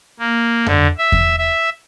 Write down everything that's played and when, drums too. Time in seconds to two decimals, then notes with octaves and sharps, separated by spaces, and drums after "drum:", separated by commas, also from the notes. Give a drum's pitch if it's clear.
0.19 A#3
0.66 D3, drum: tom F2
0.98 E5
1.12 drum: kick E2
1.38 E5